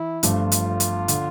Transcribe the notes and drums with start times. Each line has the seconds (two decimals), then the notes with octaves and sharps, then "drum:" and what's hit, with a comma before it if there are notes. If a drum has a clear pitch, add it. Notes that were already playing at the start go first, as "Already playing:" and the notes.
Already playing: E3 E4
0.23 G1 G2 F3 A3 F4, drum: hi-hat
0.52 drum: hi-hat
0.80 drum: hi-hat
1.08 D3, drum: hi-hat